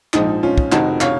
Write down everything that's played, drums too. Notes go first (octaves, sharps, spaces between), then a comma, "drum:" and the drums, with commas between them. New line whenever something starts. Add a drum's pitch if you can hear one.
A#1 G#2 F3 D#4, drum: clap
C#4 F4
drum: kick
F1 F2 D#3 D#4 F#4, drum: clap
C#5 F5, drum: clap